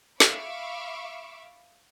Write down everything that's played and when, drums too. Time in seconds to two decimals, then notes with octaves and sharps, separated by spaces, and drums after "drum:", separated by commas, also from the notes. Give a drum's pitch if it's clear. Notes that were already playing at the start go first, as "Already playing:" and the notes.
0.20 E5 F5 B5 C#6 D6, drum: snare